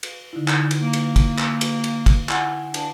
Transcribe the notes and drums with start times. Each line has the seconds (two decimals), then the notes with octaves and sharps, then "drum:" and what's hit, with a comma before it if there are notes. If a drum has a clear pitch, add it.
0.03 drum: cymbal
0.33 D3 D#4 E4
0.48 drum: clap
0.71 drum: cymbal
0.81 A#3
0.93 drum: cymbal
1.16 drum: kick, cymbal
1.39 drum: clap
1.61 drum: cymbal
1.84 drum: cymbal
2.06 drum: kick, cymbal
2.29 E4 F#5 G#5, drum: clap
2.74 D4, drum: cymbal